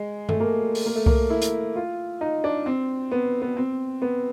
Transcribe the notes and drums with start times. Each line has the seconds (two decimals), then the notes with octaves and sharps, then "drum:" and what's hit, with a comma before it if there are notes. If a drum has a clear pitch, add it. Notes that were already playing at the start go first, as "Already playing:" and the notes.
Already playing: G#3
0.29 A3, drum: tom G2
0.40 A#3
0.75 drum: open hi-hat
0.86 A#3
0.95 A3
1.06 A#3, drum: kick C2
1.30 E4
1.42 drum: hi-hat
1.76 F4
2.21 D#4
2.44 D4
2.66 C4
3.11 B3
3.42 B3
3.57 C4
4.02 B3